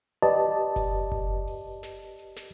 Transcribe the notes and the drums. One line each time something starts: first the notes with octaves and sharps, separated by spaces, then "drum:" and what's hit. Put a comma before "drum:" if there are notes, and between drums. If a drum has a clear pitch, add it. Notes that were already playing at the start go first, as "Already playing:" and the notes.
G4 B4 D5 D#5 A5
drum: kick F#1, hi-hat
drum: kick F#1
drum: open hi-hat
drum: snare
drum: hi-hat
drum: snare